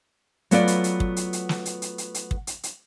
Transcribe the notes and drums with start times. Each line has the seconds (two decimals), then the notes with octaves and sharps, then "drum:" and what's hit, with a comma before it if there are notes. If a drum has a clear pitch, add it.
0.51 F#3 A3 B3 F4 B4 D5, drum: hi-hat
0.67 drum: hi-hat
0.84 drum: hi-hat
1.00 drum: kick
1.16 drum: hi-hat
1.33 drum: hi-hat
1.49 drum: snare
1.65 drum: hi-hat
1.82 drum: hi-hat
1.98 drum: hi-hat
2.14 drum: hi-hat
2.31 drum: kick
2.47 drum: hi-hat
2.63 drum: hi-hat